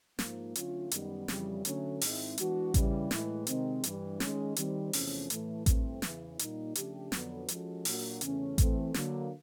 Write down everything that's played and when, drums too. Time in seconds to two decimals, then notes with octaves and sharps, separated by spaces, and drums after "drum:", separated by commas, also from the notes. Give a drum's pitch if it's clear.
0.19 G#2 F3 A#3, drum: snare
0.55 D3 F#3 A3 C#4 F4, drum: hi-hat
0.91 F#2 D#3 G3 B3, drum: hi-hat
1.28 F2 C#3 E3 G3, drum: snare
1.65 D3 F#3 A3 C#4, drum: hi-hat
2.01 G#2 D#3 G#3 C4 E4, drum: open hi-hat
2.38 E3 G#3 B3 D4 F#4, drum: hi-hat
2.74 C#3 E3 G3, drum: kick A1, hi-hat
3.11 A2 E3 G#3, drum: snare
3.47 C3 D#3 G#3 C4, drum: hi-hat
3.84 G2 E3 G3, drum: hi-hat
4.20 D#3 G#3 C#4, drum: snare
4.56 D#3 G3 C4, drum: hi-hat
4.93 E2 C3 F3 A3 C#4, drum: open hi-hat
5.30 A2 E3 A3, drum: hi-hat
5.66 G2 E3 A3 C4, drum: kick A1, hi-hat
6.02 E2 C#3 E3, drum: snare
6.39 A#2 G3 A#3 D#4, drum: hi-hat
6.75 C#3 F3 A3 D4 G4, drum: hi-hat
7.12 F2 D3 F#3 B3, drum: snare
7.48 F3 G#3 C#4 F#4 A4, drum: hi-hat
7.85 A#2 F#3 A#3 D4 F#4, drum: open hi-hat
8.21 E2 C#3 E3 A3 C#4, drum: hi-hat
8.58 E3 A3 C4, drum: kick A1, hi-hat
8.94 D3 F#3 A#3, drum: snare